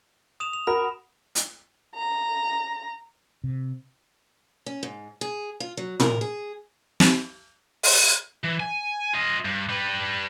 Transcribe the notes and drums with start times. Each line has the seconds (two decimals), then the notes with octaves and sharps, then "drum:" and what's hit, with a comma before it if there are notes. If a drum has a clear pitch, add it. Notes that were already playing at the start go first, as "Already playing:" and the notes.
0.40 D#6 E7 F7
0.53 F7
0.67 F#4 A#4 B5
1.35 drum: hi-hat
1.95 A#5
3.44 C3
4.66 C#4
4.83 G#2
5.21 G#4
5.60 F4
5.77 F#3
6.00 A#4, drum: tom
6.21 G#4
7.00 drum: snare
7.83 drum: open hi-hat
8.44 E3
8.60 G#5
9.15 F4 D#5
9.45 G2
9.69 G3 B4